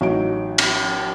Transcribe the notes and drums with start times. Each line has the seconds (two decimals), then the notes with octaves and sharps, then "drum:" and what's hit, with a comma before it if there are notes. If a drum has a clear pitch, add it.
0.01 A1 F#3 D#4 D7
0.58 drum: cymbal